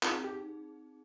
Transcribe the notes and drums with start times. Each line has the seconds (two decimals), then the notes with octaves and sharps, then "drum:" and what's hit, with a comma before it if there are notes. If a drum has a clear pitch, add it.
0.03 C4 D#4 F4 G#4, drum: clap
0.24 G4